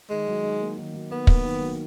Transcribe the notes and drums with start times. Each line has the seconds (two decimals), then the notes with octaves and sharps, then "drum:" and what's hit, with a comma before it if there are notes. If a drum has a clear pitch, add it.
0.10 D#3 G#3
0.27 F#3
0.44 D#4
0.61 A#3
0.77 D#3
0.94 F#3
1.11 B3 D#4
1.27 A#3, drum: kick
1.45 D#3
1.61 F#3